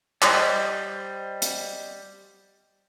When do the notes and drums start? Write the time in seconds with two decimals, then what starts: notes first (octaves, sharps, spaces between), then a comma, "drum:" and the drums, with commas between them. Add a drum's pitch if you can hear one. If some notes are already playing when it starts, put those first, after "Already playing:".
0.22 G3 C5 D#5, drum: clap
1.42 drum: hi-hat